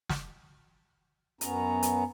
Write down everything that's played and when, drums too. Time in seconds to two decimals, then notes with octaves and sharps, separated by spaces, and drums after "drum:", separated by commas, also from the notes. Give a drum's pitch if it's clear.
0.10 drum: snare
1.41 F#2 B3 C#4 A#5, drum: hi-hat
1.83 drum: hi-hat